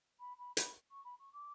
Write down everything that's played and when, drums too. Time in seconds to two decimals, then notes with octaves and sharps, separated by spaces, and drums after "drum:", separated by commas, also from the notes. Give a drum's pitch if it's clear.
0.19 B5
0.38 B5
0.57 B5, drum: hi-hat
0.90 C#6
1.04 B5
1.19 C#6
1.32 D6